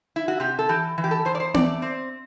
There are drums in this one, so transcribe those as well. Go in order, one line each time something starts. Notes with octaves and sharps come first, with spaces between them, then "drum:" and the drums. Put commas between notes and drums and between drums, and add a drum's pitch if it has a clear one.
E4
F#4
C3 G4
A4
E3 G4
E3
G4
A4
E2 C5
D5
C5
A3 D5, drum: tom B3
C4